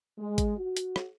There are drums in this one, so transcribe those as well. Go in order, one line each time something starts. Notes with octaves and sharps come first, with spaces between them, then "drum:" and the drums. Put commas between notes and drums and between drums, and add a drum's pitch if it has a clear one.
G#3
drum: kick G#1, hi-hat
F#4
drum: hi-hat
drum: rim click